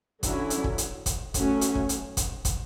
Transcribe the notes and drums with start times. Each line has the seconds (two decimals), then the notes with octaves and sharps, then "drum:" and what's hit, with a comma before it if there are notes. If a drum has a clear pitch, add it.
0.23 D3 F#3 C#4 E4, drum: kick, hi-hat
0.50 drum: hi-hat
0.64 drum: kick
0.78 drum: hi-hat
1.06 drum: kick, hi-hat
1.34 F#3 A3 C#4, drum: kick, hi-hat
1.61 drum: hi-hat
1.75 drum: kick
1.89 drum: hi-hat
2.17 drum: kick, hi-hat
2.45 drum: kick, hi-hat